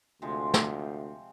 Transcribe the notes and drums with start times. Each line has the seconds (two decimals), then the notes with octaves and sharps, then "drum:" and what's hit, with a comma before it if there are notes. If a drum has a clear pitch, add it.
0.22 D2 C3 F3 G#3
0.54 drum: snare